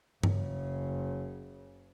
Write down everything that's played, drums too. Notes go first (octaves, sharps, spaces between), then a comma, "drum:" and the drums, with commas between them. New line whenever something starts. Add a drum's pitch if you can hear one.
F#1 C#3, drum: tom G2